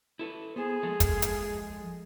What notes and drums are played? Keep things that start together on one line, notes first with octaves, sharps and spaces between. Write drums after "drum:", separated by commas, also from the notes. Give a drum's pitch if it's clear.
E4 A4 B4
B3 G#4 C5
F3 G#3 A4
drum: kick, hi-hat
drum: hi-hat